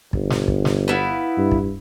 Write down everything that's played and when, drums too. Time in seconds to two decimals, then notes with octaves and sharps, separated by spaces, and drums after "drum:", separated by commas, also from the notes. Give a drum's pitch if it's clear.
0.13 G1, drum: kick
0.30 drum: snare
0.48 drum: kick
0.65 drum: snare
0.88 B3 E4 F5
1.38 G2
1.51 drum: kick